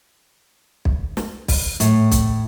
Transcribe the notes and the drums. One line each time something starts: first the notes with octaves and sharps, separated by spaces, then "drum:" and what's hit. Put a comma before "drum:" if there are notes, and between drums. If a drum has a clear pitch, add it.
drum: kick B1
drum: snare
drum: kick B1, open hi-hat
A2, drum: hi-hat
drum: kick B1, hi-hat